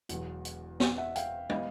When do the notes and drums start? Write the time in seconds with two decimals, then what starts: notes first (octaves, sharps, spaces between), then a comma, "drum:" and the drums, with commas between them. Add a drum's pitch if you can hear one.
0.09 E1 E2 B2 F#3, drum: hi-hat
0.45 drum: hi-hat
0.80 drum: snare
0.98 E5 F#5
1.16 F5 G5, drum: hi-hat
1.50 E3 G3 B3 D#5 F5, drum: tom